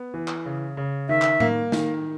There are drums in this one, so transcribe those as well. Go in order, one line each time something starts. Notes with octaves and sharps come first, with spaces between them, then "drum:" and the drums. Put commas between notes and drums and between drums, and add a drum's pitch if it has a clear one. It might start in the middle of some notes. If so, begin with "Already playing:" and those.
Already playing: B3
E3
drum: clap
C#3
C#3
D#3 E5
drum: clap
A#3, drum: tom A2
D#3, drum: snare